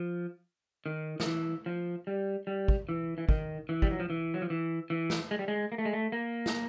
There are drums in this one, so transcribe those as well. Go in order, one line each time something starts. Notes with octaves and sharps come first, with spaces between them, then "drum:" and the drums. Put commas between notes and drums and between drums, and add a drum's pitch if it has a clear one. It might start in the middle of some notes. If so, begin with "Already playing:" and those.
Already playing: F3
D#3
F3, drum: snare
E3
F3
G3
G3
drum: kick
E3
E3
D#3, drum: kick
E3
G3, drum: kick
F#3
F3
E3
F#3
F3
E3
E3
drum: snare
G#3
G3
G#3
A#3
A3
G#3
A3
A#3
drum: snare